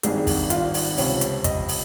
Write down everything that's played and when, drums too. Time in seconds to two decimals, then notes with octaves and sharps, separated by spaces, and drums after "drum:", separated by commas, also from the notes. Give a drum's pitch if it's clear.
0.03 G#1 G2 D#3 G#4, drum: hi-hat
0.27 drum: kick, open hi-hat
0.50 F4, drum: hi-hat
0.74 drum: open hi-hat
0.97 C#2 C3 F3 C#5, drum: open hi-hat
1.21 drum: hi-hat
1.44 D#5, drum: kick, hi-hat
1.68 drum: open hi-hat